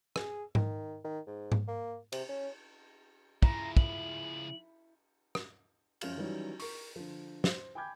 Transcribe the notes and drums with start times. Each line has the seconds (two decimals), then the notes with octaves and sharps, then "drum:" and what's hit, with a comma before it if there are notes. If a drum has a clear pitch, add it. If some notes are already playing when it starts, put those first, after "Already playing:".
0.16 G#4, drum: rim click
0.55 D#3, drum: tom G#2
1.05 D#3
1.27 G#2
1.52 drum: tom G#2
1.68 A#3
2.12 C3, drum: cymbal
2.29 C#4
3.43 C#3 F3 E4 A#5, drum: kick
3.77 F#7, drum: kick
5.35 drum: rim click
6.01 F#2 F3 C#4 F4 F6, drum: cymbal
6.17 D#3 E3 F#3 G3 C#4 D#4
6.60 A#4 C#6, drum: open hi-hat
6.96 D3 F3
7.44 C5 G7, drum: snare
7.75 G5 G#5 B5 D6 G6 G#6